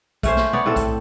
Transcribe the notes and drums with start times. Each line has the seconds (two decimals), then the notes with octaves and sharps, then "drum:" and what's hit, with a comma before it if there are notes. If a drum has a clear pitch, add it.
0.23 A3 C#4 C5, drum: kick, hi-hat
0.37 drum: snare
0.53 B3 C#5 D5
0.66 A2 C4 A4
0.76 drum: kick, hi-hat